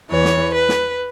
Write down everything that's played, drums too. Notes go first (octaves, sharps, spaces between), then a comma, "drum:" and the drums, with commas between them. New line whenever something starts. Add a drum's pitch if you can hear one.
E2 E3 C#5
drum: snare
B4
drum: snare